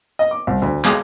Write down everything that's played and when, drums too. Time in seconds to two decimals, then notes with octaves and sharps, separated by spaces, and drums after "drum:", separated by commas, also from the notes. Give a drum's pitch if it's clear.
0.19 D#5
0.31 D6
0.47 C2
0.62 D2, drum: hi-hat
0.85 G#3, drum: clap